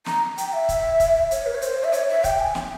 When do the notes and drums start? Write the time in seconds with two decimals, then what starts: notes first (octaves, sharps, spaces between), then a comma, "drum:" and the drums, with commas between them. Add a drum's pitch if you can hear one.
0.06 A#5, drum: snare
0.38 G5, drum: hi-hat
0.53 E5
0.69 drum: kick, hi-hat
1.00 drum: kick, hi-hat
1.31 C#5, drum: hi-hat
1.46 A#4
1.55 C#5
1.62 C5, drum: hi-hat
1.84 E5
1.93 C#5, drum: hi-hat
2.08 E5
2.24 G5, drum: kick, hi-hat
2.39 G#5
2.55 G5, drum: snare